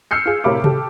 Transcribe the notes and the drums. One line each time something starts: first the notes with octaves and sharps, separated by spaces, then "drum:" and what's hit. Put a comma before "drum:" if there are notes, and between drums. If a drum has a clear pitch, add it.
E6 F6 G6 C7 C#7
F4 G#4
A2 C3 A#4 F5 B5 D6
G4 A4, drum: tom C3